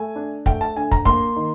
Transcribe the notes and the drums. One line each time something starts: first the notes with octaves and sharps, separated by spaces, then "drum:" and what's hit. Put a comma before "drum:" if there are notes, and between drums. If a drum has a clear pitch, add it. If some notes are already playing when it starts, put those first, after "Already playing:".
Already playing: A3 G#5
D4
A3 G5, drum: kick
A5
D3 G#5
A#5, drum: kick
A#3 C6, drum: kick
D#3